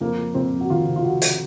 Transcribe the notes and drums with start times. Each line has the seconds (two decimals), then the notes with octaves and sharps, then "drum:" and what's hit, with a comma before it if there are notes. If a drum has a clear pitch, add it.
0.01 F2 A#3
0.18 F2
0.35 F2 C4
0.52 F2
0.61 F#4
0.69 D#3 F4
0.87 C3
0.96 F4
1.04 F2 F#4
1.22 drum: hi-hat